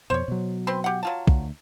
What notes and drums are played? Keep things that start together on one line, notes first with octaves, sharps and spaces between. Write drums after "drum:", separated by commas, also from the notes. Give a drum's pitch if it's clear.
F2 B2 C5 C#5
B2 F#3
C4 B4 C6
G4 F#5
F#3 F4 A5
D2, drum: kick